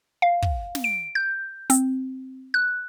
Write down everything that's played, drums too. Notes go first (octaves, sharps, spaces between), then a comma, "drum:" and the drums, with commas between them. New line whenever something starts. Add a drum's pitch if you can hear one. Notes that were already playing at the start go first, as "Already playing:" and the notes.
F5
drum: kick
drum: snare
D7
G6
C4, drum: hi-hat
F#6